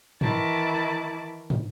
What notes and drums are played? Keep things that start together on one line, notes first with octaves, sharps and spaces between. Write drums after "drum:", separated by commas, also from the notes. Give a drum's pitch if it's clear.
D#3 E3 E4 A5 D6, drum: tom
drum: tom